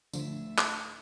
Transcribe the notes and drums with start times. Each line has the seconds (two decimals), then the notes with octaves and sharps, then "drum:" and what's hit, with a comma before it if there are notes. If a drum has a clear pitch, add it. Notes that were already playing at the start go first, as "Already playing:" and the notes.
0.13 D2 A2 D3 F3 E5, drum: tambourine
0.58 drum: clap